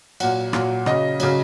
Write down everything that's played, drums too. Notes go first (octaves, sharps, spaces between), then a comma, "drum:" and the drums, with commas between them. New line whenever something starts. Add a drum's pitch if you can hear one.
A#2 F#3 F#5, drum: cymbal
A#2 F#3, drum: rim click
C#3 F#3 D#5, drum: rim click
C#3 F#3, drum: cymbal